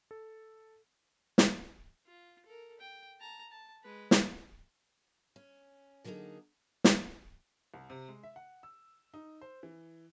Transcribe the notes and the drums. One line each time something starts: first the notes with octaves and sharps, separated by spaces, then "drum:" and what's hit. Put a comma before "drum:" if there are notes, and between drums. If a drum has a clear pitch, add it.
A4
drum: snare
F4
A4 A#4
G5
A5 A#5
A5
G#3 B4
drum: snare
C#4
D3 F#3 A#3 D#4 G#4 A4
drum: snare
C2
C3
G#3
E5
F#5
E6
D#4
C5
E3